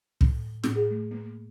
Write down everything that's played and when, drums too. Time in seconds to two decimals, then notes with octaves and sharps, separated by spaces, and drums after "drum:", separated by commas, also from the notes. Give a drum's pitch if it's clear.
0.21 A2, drum: kick
0.64 A2, drum: snare
0.76 G#4
0.90 A3
1.11 A#3